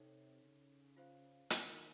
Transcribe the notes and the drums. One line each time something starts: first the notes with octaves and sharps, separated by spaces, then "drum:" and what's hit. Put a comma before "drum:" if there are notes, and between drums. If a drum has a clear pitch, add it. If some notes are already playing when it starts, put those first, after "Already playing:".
Already playing: C3 D#4 A4 C#5
C#3
F4 C5 F5
D#3, drum: hi-hat